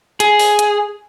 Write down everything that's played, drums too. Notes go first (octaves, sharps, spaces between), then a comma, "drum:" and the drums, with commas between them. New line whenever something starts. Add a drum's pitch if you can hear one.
G#4, drum: hi-hat
drum: open hi-hat
drum: hi-hat